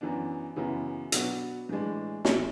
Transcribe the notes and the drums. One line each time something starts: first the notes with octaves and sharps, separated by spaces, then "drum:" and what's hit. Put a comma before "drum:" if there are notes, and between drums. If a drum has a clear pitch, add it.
F#2 E3 B3 D4
F#2 C#3 E3 B3 E4
B2 F#3 B3 D4 F#4, drum: hi-hat
A2 E3 G#3 D4
B2 A3 E4, drum: snare